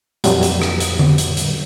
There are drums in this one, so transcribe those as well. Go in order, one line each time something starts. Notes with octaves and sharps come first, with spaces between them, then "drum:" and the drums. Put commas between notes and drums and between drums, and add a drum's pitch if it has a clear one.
F2 A#2 F#3 G3, drum: hi-hat
drum: hi-hat
drum: rim click
drum: hi-hat
drum: tom D3
drum: hi-hat
drum: hi-hat